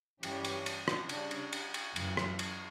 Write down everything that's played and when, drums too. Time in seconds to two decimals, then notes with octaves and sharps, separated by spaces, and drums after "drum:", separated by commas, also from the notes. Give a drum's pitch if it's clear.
0.23 G2 E3 G3 C#4 G4, drum: cymbal
0.44 drum: cymbal
0.66 drum: cymbal
0.88 drum: rim click
1.09 C#3 G3 D4, drum: cymbal
1.31 drum: cymbal
1.53 drum: cymbal
1.74 drum: cymbal
1.96 F#2 C#3 E3, drum: cymbal
2.17 drum: rim click
2.39 drum: cymbal